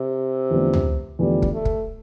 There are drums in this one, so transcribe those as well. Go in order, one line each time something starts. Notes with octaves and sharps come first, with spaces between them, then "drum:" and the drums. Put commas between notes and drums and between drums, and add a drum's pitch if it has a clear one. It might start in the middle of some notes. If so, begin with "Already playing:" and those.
Already playing: C3
E2 D3 F3 A3
drum: tom
E2 D3 F3 G3 A3
drum: kick
A3
drum: kick